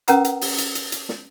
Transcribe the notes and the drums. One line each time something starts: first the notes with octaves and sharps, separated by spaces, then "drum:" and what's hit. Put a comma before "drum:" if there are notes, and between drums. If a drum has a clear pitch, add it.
C#4 A#4 B4 F#5 A#5 D#6, drum: hi-hat
drum: hi-hat
drum: open hi-hat
drum: hi-hat
drum: hi-hat
drum: hi-hat
drum: snare